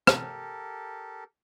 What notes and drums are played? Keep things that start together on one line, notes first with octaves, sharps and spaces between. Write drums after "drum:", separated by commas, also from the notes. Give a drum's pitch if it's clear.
G4 A4 A#4, drum: rim click